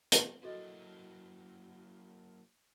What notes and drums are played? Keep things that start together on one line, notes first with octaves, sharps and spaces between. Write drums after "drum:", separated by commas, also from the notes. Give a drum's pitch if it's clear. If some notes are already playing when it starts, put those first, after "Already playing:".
drum: hi-hat
F#3 A#3 E4 F#4 A4 D#5